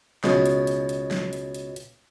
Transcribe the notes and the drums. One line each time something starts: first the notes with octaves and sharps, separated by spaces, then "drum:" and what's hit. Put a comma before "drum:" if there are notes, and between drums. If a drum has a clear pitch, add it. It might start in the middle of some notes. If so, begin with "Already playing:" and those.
C#2 B2, drum: snare
drum: hi-hat
drum: hi-hat
drum: hi-hat
drum: snare
drum: hi-hat
drum: hi-hat
drum: hi-hat